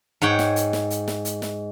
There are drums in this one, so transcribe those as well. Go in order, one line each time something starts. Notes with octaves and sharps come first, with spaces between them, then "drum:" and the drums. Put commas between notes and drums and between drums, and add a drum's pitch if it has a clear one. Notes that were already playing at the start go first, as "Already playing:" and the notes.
G#2 C#5 F#5 G5
drum: snare
drum: hi-hat
drum: snare
drum: hi-hat
drum: snare
drum: hi-hat
drum: snare